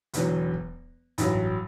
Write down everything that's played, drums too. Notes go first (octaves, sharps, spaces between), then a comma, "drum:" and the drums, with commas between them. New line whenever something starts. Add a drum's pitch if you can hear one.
E1 E2 D3 F#3, drum: hi-hat
drum: kick
A1 G2 F#3, drum: hi-hat
drum: kick